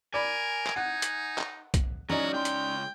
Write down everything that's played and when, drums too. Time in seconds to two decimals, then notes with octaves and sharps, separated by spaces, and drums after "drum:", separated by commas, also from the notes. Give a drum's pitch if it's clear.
0.14 A#4 D5 G#5 B5
0.67 drum: clap
0.76 D#4 F#5
1.02 drum: hi-hat
1.38 drum: clap
1.74 drum: kick B1, hi-hat
2.09 F#3 G#3 C#4 D#4 F#4 D5 A#5
2.33 C#2 G5 C6
2.45 drum: hi-hat